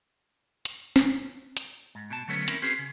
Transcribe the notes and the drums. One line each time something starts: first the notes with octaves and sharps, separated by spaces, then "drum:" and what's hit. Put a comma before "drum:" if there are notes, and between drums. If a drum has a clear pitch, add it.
drum: hi-hat
drum: snare
drum: hi-hat
G#2
B2 A5
D3 F#3 A3 B3 C#4
C4 C#4 E4 A#4, drum: hi-hat
C4 C#4 F#4 G#4 B4
C#3